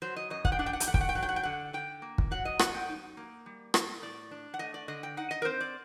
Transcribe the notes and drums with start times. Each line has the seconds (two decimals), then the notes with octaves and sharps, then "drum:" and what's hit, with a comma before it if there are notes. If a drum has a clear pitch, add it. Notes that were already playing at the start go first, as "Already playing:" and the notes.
0.02 F#3 C5
0.16 D#5
0.30 F#2 D#5
0.45 F#5, drum: kick
0.52 G5
0.59 D4 F#5
0.66 G5
0.73 F#5
0.80 G5, drum: hi-hat
0.88 A3 F#5
0.94 G5, drum: kick
1.01 F#5
1.09 G5
1.15 F#3 F#5
1.23 G5
1.29 F#5
1.36 G5
1.43 D3 F#5
1.73 D3 G5
2.02 A#3
2.18 drum: kick
2.31 F#3 F#5
2.45 D#5
2.59 F#2 F#5, drum: rim click
2.75 G5
2.89 D#4
3.17 A#3
3.46 G3
3.74 A2, drum: rim click
4.02 A2 D5
4.31 D4
4.54 F#5
4.59 A3 D#5
4.74 D5
4.88 D3 D#5
5.03 G5
5.17 D#4 F#5
5.31 D#5
5.42 A#4
5.45 C4 C5
5.61 D5